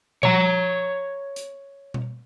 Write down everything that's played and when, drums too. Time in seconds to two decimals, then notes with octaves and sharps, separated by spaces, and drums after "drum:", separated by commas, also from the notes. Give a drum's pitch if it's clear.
0.23 C#5 A#5, drum: tom A#2
1.36 drum: hi-hat
1.94 drum: tom B2